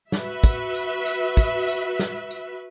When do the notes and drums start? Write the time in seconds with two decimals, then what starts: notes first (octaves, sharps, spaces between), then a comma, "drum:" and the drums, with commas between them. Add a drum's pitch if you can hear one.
0.12 F#4 B4 E5, drum: snare
0.44 drum: kick, tambourine
0.75 drum: tambourine
1.06 drum: tambourine
1.37 drum: kick, tambourine
1.68 drum: tambourine
1.99 drum: snare
2.31 drum: tambourine